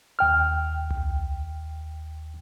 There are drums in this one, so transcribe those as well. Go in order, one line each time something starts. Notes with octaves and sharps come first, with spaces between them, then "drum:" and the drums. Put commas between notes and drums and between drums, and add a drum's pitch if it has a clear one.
D#2 G5 F6
drum: tom C2